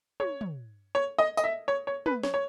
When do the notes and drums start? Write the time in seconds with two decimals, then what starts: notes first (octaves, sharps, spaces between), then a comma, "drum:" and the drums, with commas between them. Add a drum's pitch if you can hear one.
0.20 C#5, drum: tom
0.41 drum: tom
0.95 C#5
1.19 D#5
1.37 D#5, drum: tambourine
1.44 E5
1.68 C#5
1.87 C#5
2.06 B4, drum: tom
2.23 C#5, drum: snare
2.34 C#5